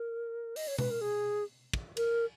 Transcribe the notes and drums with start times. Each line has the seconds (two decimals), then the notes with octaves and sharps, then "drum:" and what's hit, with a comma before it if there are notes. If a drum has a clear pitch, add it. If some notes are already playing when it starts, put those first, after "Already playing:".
Already playing: A#4
0.56 D#5, drum: open hi-hat
0.68 C#5
0.78 B4, drum: tom B2
0.91 A#4
1.01 G#4
1.74 drum: kick
1.97 A#4, drum: cymbal